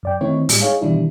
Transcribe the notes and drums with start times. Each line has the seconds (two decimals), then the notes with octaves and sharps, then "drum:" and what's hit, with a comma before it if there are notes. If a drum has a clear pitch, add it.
0.03 F#2 D5 G5
0.21 D#3 A3 C4 D#4 E4 C#5
0.49 A2 G3 G#3, drum: open hi-hat
0.62 D#4 G#4 C#5 F5
0.81 B2 D#3 E3 G3 D4 E4